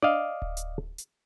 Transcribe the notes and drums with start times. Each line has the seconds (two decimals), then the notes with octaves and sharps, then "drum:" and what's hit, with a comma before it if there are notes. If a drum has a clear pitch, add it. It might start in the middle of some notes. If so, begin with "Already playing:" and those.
0.02 D5 D#5 F5, drum: tom D4
0.42 drum: kick D1
0.57 drum: hi-hat
0.98 drum: hi-hat